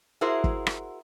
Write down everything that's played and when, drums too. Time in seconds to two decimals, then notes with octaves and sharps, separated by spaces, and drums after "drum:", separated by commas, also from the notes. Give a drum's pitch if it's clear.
0.21 E4 F#4 G#4 A#4 C5
0.44 drum: kick
0.67 drum: rim click